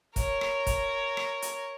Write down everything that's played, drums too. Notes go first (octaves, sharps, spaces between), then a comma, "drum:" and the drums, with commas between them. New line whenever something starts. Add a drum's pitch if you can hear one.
A#4 C#5, drum: kick, hi-hat
drum: rim click
drum: kick, hi-hat
drum: rim click
drum: hi-hat